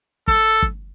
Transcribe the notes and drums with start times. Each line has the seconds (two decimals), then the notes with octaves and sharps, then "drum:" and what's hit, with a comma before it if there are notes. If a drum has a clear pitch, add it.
0.28 A4, drum: kick
0.62 drum: kick